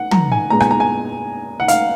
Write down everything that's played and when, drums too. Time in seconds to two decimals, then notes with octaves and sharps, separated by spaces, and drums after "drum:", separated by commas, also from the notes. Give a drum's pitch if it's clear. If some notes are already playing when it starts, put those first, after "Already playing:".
Already playing: F#5
0.11 A#5, drum: tom
0.32 G#5
0.50 A#2 G#3 B3 A#5
0.60 G#5, drum: rim click
0.71 A#5
0.80 G#5
1.60 F#5
1.68 F5, drum: hi-hat